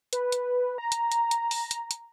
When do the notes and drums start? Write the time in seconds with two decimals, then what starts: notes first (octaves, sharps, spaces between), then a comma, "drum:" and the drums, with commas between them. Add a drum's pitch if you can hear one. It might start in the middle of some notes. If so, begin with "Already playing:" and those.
0.13 B4, drum: hi-hat
0.32 drum: hi-hat
0.78 A#5
0.92 drum: hi-hat
1.12 drum: hi-hat
1.31 drum: hi-hat
1.51 drum: open hi-hat
1.71 drum: hi-hat
1.91 drum: hi-hat